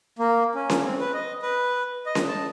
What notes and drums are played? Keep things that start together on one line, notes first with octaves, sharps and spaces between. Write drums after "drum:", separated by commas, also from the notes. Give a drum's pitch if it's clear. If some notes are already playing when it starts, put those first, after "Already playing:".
A#3
C#4
drum: snare C#4
C4
B4
D#5
B4
D#5
drum: snare C#4
A5